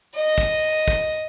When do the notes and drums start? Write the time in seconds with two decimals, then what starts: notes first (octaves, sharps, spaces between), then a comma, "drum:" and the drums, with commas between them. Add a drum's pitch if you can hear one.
0.15 D#5
0.38 drum: kick
0.88 drum: kick